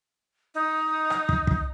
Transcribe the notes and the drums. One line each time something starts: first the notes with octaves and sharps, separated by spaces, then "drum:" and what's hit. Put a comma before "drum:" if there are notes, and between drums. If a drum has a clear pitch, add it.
D#4
drum: rim click
drum: kick
drum: kick